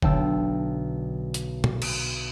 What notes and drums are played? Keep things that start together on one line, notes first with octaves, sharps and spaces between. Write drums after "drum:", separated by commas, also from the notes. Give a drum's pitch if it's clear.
B1 D3 G5 A5 E6, drum: kick
drum: hi-hat
drum: tom A#2
drum: cymbal